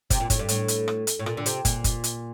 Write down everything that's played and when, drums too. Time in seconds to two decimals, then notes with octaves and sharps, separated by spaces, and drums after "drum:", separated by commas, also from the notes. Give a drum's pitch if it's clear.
0.10 C3, drum: kick, hi-hat
0.20 A#2
0.30 A2, drum: kick, hi-hat
0.39 G2
0.49 A2, drum: hi-hat
0.68 drum: hi-hat
0.88 drum: rim click
1.07 drum: hi-hat
1.19 A2
1.26 A#2, drum: rim click
1.37 D3
1.46 C3, drum: hi-hat
1.65 A#2, drum: kick, hi-hat
1.84 drum: kick, hi-hat
2.04 drum: hi-hat